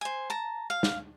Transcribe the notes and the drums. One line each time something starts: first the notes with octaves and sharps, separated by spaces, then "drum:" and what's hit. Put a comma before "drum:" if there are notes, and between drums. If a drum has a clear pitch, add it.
C5 G#5
A5 A#5
F5
drum: snare